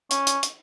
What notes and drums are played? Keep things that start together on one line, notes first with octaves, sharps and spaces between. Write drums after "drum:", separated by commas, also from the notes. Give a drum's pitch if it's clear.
C#4, drum: hi-hat
drum: hi-hat
drum: hi-hat